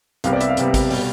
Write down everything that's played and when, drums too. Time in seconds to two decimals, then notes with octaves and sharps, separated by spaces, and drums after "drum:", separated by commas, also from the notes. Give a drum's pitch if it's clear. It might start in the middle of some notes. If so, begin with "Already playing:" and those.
0.24 C2 C3 G3 B3 F5, drum: hi-hat
0.33 D5
0.41 E5, drum: hi-hat
0.49 F5
0.57 C2 C3 G3 B3, drum: hi-hat
0.74 drum: kick, hi-hat
0.90 B2 G3, drum: open hi-hat